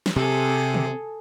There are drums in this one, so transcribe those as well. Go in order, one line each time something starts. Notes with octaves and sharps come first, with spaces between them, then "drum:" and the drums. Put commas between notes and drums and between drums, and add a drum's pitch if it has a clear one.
drum: snare
C3 G#4 A4
drum: tom